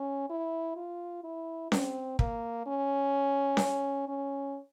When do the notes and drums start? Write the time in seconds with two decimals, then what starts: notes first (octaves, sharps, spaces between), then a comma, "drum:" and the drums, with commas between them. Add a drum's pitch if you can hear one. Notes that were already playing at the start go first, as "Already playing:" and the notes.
Already playing: C#4
0.30 E4
0.76 F4
1.24 E4
1.72 C4, drum: snare C#4
2.19 A#3, drum: kick
2.66 C#4
3.57 drum: snare C#4
4.08 C#4